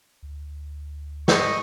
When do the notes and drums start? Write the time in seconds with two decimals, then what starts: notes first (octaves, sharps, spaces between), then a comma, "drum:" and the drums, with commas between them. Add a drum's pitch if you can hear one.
0.23 D2
1.28 D#5 C#6, drum: snare